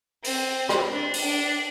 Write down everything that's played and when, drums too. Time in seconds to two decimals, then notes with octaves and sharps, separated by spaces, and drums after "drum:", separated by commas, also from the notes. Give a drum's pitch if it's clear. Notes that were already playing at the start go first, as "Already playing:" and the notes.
0.24 C4, drum: open hi-hat
0.69 drum: rim click
0.91 D4
1.14 drum: open hi-hat
1.25 D4